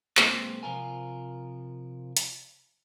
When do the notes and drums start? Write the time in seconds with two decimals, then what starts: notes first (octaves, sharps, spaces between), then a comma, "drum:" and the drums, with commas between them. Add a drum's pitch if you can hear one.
0.17 B1 G#3 A#3 C4 B4 C5, drum: clap
0.63 C3 F3 F4 A#4 G#5
2.17 drum: hi-hat